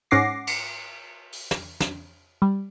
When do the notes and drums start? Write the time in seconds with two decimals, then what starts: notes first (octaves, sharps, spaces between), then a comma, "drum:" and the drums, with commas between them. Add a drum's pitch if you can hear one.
0.11 G#2 C#4 F#5 D6 A#6 C7
0.47 drum: cymbal
1.33 drum: open hi-hat
1.51 drum: snare
1.80 drum: snare
2.42 G3